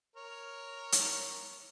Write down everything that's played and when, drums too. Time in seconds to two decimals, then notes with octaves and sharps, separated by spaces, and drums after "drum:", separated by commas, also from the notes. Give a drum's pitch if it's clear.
0.16 A#4 C#5
0.92 drum: hi-hat